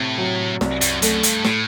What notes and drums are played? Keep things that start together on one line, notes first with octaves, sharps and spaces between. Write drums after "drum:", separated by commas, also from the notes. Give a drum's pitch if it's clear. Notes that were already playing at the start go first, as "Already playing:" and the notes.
Already playing: A2 C3
F#3
C2, drum: snare
F#2, drum: hi-hat
F#2 A3, drum: hi-hat
G2, drum: hi-hat
A2, drum: snare